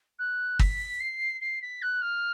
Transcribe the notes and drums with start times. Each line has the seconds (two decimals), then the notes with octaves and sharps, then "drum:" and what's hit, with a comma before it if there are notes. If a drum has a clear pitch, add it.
0.19 F#6
0.59 B6, drum: kick G1
1.00 C7
1.41 C7
1.62 B6
1.82 F#6
2.02 F6